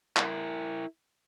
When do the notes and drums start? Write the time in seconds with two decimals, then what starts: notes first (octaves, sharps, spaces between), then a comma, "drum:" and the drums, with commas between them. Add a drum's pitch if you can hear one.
0.17 E4 A#4, drum: clap